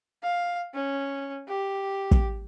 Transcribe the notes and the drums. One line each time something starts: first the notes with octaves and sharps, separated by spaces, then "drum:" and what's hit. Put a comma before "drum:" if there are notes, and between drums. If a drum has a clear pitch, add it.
F5
C#4
G4
drum: kick